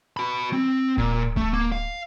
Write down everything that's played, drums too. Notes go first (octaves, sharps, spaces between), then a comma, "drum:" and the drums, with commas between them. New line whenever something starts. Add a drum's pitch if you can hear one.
F#4 B5
C4
A#2, drum: kick D1
A3, drum: kick D1
A#3
F5